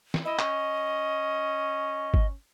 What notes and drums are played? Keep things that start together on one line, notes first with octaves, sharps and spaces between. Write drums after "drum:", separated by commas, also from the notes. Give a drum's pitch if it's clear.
drum: snare
E4 D#5
C#4, drum: clap
drum: kick G1